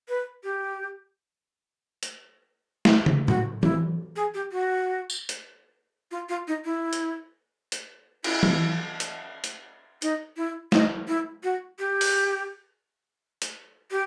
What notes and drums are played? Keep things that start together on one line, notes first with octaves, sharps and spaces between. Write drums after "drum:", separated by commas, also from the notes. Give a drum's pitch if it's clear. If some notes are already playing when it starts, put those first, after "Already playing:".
B4
G4
drum: hi-hat
drum: snare
drum: tom
F#4, drum: tom A2
E4, drum: tom E3
G#4
G4
F#4
drum: tambourine
drum: hi-hat
F4
F4
D#4
E4
drum: hi-hat
drum: hi-hat
E4, drum: cymbal
drum: tom E3
drum: hi-hat
drum: hi-hat
D#4, drum: hi-hat
E4
D#4, drum: snare
E4
F#4
G4
drum: open hi-hat
drum: hi-hat
G4